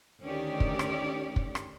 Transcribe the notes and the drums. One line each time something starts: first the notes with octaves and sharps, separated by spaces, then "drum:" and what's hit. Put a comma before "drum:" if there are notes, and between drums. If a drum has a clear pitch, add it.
D2 D#3 C#4 G4 D5
drum: kick
drum: rim click
drum: kick
drum: rim click